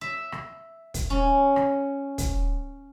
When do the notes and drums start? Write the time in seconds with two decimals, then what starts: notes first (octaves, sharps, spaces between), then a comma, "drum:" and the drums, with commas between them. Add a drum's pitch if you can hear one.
0.01 E5
0.32 drum: rim click
0.94 drum: kick, hi-hat
1.10 C#4
1.56 drum: rim click
2.18 drum: kick, hi-hat